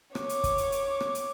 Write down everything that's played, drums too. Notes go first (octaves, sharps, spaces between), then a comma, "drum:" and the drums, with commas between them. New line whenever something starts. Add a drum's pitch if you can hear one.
C#5 D6, drum: rim click
drum: hi-hat
drum: kick, hi-hat
drum: hi-hat
drum: hi-hat
drum: rim click
drum: hi-hat